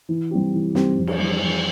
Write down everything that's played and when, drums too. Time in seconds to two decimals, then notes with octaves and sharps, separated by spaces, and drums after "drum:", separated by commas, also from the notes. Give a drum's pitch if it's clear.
0.09 E3
0.31 G3 C4 G4
0.54 E3
0.75 G3 C4 G4, drum: snare
0.97 F2
1.07 drum: cymbal
1.19 E3 G3
1.41 F2